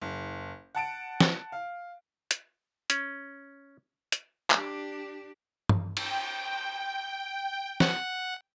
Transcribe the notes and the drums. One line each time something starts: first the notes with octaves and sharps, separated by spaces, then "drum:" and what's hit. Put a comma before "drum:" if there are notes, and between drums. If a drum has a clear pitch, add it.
F#1
F#5 A5 D7
drum: snare
F5
drum: hi-hat
C#4, drum: hi-hat
drum: hi-hat
D4 G4, drum: clap
drum: tom
G5, drum: cymbal
F#5, drum: snare